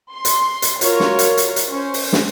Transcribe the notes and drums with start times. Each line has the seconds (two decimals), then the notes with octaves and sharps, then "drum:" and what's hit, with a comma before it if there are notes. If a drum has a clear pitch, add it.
0.14 C6
0.25 drum: hi-hat
0.62 drum: hi-hat
0.81 F4 F#4 A#4 C#5, drum: hi-hat
1.00 drum: snare
1.19 drum: hi-hat
1.37 drum: hi-hat
1.56 drum: hi-hat
1.70 C#4 C5
1.94 drum: open hi-hat
2.13 drum: snare